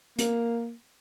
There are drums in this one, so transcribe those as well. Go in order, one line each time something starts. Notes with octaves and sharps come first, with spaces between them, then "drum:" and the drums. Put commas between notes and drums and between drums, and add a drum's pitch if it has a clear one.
A#3, drum: hi-hat